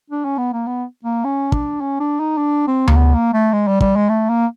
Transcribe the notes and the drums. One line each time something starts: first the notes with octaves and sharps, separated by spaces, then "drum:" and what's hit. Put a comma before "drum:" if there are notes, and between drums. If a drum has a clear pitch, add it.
D4
C#4
B3
A#3
B3
A#3
C#4
D4, drum: kick
C#4
D4
D#4
D4
C4
A#3, drum: tom D2
B3
A#3
A3
G#3
G3
G3, drum: kick
G#3
A3
A#3